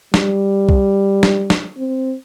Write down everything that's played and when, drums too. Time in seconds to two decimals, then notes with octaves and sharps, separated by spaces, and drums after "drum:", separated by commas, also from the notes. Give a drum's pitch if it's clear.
0.14 G3, drum: snare
0.69 drum: kick B1
1.23 drum: snare
1.50 drum: snare
1.77 C4